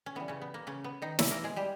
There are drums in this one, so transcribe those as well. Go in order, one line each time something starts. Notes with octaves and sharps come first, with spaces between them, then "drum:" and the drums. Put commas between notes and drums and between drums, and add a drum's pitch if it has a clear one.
C#4
C#3 E3 G3 B3
C#3 C#4
B3
A#3
C#3 C#4
B3
D#3 D#4
E3 E4, drum: snare
A#3 A#4
G#3 G#4
G3 G4